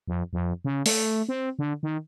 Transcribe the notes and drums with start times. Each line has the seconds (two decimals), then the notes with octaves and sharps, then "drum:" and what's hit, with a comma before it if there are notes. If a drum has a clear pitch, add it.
0.08 F2
0.33 F2
0.65 C#3
0.86 A3, drum: open hi-hat
1.29 C4
1.59 D3
1.83 D#3